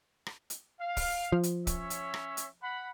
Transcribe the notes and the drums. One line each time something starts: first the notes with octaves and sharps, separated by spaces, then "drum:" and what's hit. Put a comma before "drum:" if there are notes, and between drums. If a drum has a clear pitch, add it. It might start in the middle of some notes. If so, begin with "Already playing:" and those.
drum: rim click
drum: hi-hat
F5
drum: kick, open hi-hat
F3
drum: hi-hat
C#4 C#5 E5, drum: kick, hi-hat
drum: hi-hat
drum: rim click
drum: hi-hat
F#5 B5